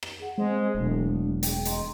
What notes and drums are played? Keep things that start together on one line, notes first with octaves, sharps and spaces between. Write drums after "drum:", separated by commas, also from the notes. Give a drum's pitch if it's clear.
drum: rim click
G#4 F#5
G#3 C4 C5
E1 F#3 A3 D4
G#4 G5, drum: hi-hat
D#5 A#5 C6, drum: hi-hat